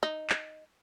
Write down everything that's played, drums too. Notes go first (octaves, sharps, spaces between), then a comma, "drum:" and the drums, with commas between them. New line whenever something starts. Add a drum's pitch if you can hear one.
D#4
drum: clap